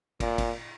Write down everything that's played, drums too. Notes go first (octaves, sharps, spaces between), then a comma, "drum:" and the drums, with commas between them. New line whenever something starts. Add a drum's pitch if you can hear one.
A#2, drum: kick, cymbal
drum: kick, cymbal